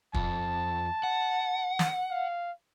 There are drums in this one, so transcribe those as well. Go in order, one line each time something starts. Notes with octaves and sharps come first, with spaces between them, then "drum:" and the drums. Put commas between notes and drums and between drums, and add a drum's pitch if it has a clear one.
F2 A5, drum: kick
F#5
drum: snare
F5